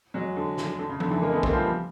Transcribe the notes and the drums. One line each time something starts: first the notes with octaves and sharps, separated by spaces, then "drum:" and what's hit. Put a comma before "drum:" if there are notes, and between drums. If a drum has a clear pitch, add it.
F#3 G#3
D3
drum: snare
D3
C#3
D3, drum: tom F3
D3 E3
G#3 A#3
A3 B3
A#3 C4, drum: kick
F3 G3